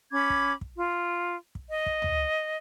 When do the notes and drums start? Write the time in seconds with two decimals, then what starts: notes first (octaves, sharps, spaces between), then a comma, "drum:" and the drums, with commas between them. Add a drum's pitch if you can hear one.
0.13 C#4 B5 D6 G#6
0.30 drum: kick
0.61 drum: kick
0.77 F4
1.55 drum: kick
1.69 D#5
1.86 drum: kick
2.02 drum: tom